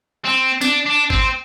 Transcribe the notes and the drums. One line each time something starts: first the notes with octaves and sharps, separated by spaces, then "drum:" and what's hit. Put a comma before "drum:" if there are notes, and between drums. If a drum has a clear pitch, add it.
C4
D4, drum: snare
D4
C4, drum: kick G#1